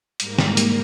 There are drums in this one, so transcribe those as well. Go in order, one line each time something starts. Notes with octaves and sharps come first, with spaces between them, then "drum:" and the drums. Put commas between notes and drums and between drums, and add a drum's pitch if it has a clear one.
G#2 G3 A#3 A#5, drum: hi-hat
drum: snare
drum: hi-hat